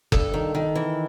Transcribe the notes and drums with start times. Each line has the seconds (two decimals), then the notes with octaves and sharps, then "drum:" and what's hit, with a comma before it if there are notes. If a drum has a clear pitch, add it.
0.12 G2 A4, drum: kick F#1
0.34 D#3
0.55 D#3
0.75 E3